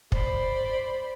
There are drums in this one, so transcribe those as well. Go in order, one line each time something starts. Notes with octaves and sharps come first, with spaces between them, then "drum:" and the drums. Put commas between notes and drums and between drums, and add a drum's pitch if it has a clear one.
C5 D5 B5, drum: kick